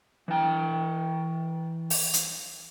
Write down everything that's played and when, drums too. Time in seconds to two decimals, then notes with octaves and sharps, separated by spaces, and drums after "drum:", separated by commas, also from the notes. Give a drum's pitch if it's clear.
0.28 E3 G5
1.90 drum: open hi-hat
2.13 drum: hi-hat